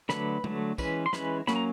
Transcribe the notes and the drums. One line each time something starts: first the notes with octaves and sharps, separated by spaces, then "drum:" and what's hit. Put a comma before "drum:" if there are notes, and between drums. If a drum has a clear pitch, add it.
D3 F#3 A3 B4 B5, drum: snare
D3 F#3 A3, drum: tom G#3
E3 G#3 C#4 B4 B5, drum: kick, tambourine
C6
E3 G#3 C#4 B4 B5, drum: snare
F#3 A#3 C#4 B5, drum: snare
A#5